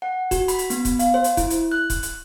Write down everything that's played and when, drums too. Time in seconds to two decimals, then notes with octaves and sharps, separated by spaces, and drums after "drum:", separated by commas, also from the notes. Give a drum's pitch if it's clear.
0.02 F#5
0.31 F#4, drum: kick, hi-hat
0.48 B5, drum: hi-hat
0.59 drum: hi-hat
0.70 B3, drum: hi-hat
0.85 drum: kick, hi-hat
0.99 F5, drum: hi-hat
1.14 C5
1.24 drum: hi-hat
1.37 E4, drum: kick, hi-hat
1.50 drum: hi-hat
1.72 F#6
1.90 drum: kick, hi-hat
2.03 drum: hi-hat